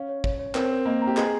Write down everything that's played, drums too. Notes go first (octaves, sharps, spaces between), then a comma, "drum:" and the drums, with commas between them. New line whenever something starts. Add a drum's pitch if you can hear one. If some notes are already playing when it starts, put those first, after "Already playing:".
Already playing: C#4 F5
C#5
C#5, drum: kick
C#5
C4 A#4, drum: clap
A#4
A#3 D#5
A#5
G4
G#4 D#5, drum: clap